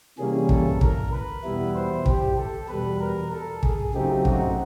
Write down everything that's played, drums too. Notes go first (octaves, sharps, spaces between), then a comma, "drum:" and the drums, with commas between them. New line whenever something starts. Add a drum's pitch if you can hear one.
C3 E3 G3 A#3 C#4 G#4
A4, drum: kick
A#4, drum: kick
B4
E2 B2 G3 B3 E4
C5
G4, drum: kick
A4
E2 B2 G3 B4
A#4
A4
G#4, drum: kick
C#3 F#3 A3 C4 D#4 G4
F#4, drum: kick